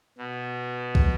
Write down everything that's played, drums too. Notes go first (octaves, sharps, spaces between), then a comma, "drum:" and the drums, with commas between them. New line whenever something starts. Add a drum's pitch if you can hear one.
B2
drum: kick